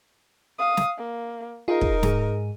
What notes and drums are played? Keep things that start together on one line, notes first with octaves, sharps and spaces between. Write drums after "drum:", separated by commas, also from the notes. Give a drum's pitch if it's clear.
F5 D#6
drum: snare
A#3
D#4 F4 G#4 A#4
drum: kick
G#2 G#4, drum: snare